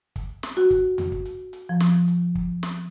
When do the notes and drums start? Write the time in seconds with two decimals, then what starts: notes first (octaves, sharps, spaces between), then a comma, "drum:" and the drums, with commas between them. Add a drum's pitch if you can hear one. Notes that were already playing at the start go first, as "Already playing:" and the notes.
0.16 drum: kick, hi-hat
0.43 drum: snare
0.57 F#4
0.71 drum: kick, hi-hat
0.98 drum: tom E2
1.12 drum: kick
1.25 drum: hi-hat
1.53 drum: hi-hat
1.69 F3
1.80 drum: snare
2.08 drum: hi-hat
2.35 drum: kick
2.63 drum: snare